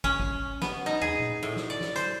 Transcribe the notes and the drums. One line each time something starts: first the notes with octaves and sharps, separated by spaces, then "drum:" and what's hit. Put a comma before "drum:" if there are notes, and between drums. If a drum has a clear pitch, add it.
C#4, drum: kick
drum: kick
B3, drum: snare
D#4
G#4, drum: tom
drum: tom A#2
A2
drum: snare
D5
drum: snare
C5, drum: hi-hat